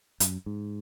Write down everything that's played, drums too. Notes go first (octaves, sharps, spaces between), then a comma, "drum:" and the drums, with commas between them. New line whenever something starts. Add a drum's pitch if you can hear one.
F#2, drum: hi-hat
G#2